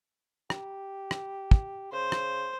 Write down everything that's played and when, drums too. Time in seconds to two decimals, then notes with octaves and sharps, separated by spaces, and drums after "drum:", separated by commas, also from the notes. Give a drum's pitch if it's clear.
0.50 G4, drum: rim click
1.11 drum: rim click
1.51 drum: kick
1.92 C#3 C5
2.12 drum: rim click